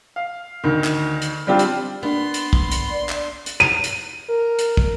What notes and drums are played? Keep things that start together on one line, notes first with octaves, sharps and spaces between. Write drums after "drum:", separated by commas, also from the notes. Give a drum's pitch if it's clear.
F5
D2 D#3
drum: clap
drum: hi-hat
G3 C4 D4 F4 G4
drum: hi-hat
A#3 B3 D4 C6
drum: hi-hat
drum: kick
drum: hi-hat
D5
drum: clap
drum: hi-hat
D#7
drum: hi-hat
A#4
drum: hi-hat
drum: kick